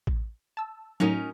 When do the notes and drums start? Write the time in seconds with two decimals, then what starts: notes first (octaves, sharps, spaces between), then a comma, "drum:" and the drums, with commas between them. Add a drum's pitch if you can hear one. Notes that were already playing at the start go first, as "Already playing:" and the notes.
0.07 drum: kick A1
0.57 A5 E6
1.00 A2 F#3 C#4 D#4 A#4